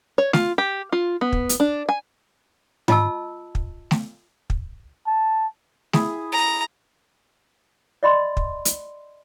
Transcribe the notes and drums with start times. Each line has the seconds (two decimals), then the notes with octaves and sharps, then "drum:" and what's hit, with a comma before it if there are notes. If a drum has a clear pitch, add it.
0.18 C#5
0.33 F4, drum: snare A3
0.58 G4
0.92 F4
1.21 B3
1.32 drum: kick
1.49 drum: hi-hat
1.60 D4
1.89 G#5
2.88 F4 D#5 A5 E6, drum: tom G#2
3.55 drum: kick
3.91 drum: snare A3
4.50 drum: kick
5.07 A5
5.93 E4 G#4, drum: snare A3
6.32 A#5
8.03 D5 D#5 B5 C6
8.37 drum: kick
8.65 drum: hi-hat